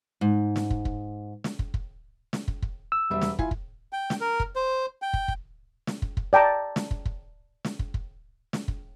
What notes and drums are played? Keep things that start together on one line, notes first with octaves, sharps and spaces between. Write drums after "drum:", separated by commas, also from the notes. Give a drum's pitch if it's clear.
G#2
drum: snare
drum: kick
drum: kick
drum: snare
drum: kick
drum: kick
drum: snare
drum: kick
drum: kick
E6
E1 G3 E5
drum: snare
E4 F4 G#5, drum: kick
drum: kick
G5
drum: snare
A#4
drum: kick
C5
G5
drum: kick
drum: kick
drum: snare
drum: kick
drum: kick
D5 G5 A5 A#5
drum: snare
drum: kick
drum: kick
drum: snare
drum: kick
drum: kick
drum: snare
drum: kick